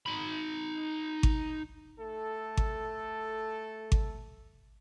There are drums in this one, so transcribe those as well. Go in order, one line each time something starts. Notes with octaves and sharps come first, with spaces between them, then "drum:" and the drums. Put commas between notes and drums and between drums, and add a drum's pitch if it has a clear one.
D#4 B5
drum: kick G#1
A3 A4
drum: kick G#1
drum: kick G#1